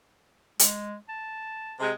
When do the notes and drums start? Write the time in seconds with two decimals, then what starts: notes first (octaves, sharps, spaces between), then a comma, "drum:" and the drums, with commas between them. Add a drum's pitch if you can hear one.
0.59 G#3, drum: hi-hat
1.09 A5
1.80 C3 G#3